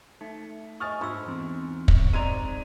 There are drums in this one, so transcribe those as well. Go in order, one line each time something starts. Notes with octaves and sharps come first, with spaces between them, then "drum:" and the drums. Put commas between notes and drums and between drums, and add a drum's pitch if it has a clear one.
A3 D#4
D#5 G#5 C#6 D#6 F6 A6
G#2 D4 F4 C#6 E6
E2 C4
drum: kick
G#2 C4 D5 D#5 A#5 G#6 D#7